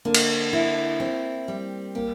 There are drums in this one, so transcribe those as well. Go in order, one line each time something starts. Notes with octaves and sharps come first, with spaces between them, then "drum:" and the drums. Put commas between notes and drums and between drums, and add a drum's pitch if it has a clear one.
D3 A#3
drum: cymbal
E4
C4
G3
A#3 G4